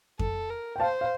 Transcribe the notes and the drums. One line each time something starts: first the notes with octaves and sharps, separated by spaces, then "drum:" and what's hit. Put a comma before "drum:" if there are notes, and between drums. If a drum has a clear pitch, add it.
A4, drum: kick F2
A#4
G5
C5 F5 A5
F5